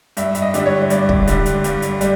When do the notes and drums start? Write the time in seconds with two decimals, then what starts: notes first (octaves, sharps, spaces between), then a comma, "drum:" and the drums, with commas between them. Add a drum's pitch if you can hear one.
0.17 G2 E5, drum: hi-hat
0.35 E5, drum: hi-hat
0.42 D#5
0.54 D3 G3, drum: hi-hat
0.66 C#5
0.90 G2 D5, drum: hi-hat
1.09 drum: kick
1.27 D3 G3, drum: hi-hat
1.46 drum: hi-hat
1.64 G2, drum: hi-hat
1.82 drum: hi-hat
2.01 G3, drum: hi-hat